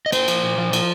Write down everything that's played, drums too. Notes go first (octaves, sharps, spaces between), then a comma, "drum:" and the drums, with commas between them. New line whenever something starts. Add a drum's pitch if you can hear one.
D#5
A#3 C5, drum: cymbal
F3, drum: cymbal
A#2
F3
F3, drum: cymbal